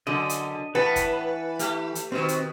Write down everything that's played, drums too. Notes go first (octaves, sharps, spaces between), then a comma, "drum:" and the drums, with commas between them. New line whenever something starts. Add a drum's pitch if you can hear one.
F#2 D3 D#5
drum: hi-hat
A2 E3 B3 B4 F#5 A5
drum: kick G1, hi-hat
A3 G4, drum: hi-hat
drum: hi-hat
B2 D#3 C4
drum: hi-hat